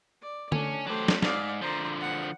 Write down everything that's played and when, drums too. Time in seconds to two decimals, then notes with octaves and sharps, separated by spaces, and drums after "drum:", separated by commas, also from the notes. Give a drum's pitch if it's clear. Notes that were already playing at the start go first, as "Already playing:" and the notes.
0.21 D5
0.52 A3 C#4 D4, drum: tom D3
0.86 F#3 A3 G4 C5
1.08 drum: snare
1.22 G#2 D5 F5, drum: snare
1.61 D3 F3 C5 A#5
2.01 F#5